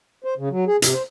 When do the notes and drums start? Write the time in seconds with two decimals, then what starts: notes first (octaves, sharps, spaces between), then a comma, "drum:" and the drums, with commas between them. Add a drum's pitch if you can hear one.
0.24 C5
0.38 C#3
0.50 F#3
0.67 G#4
0.82 C3, drum: hi-hat
0.94 C5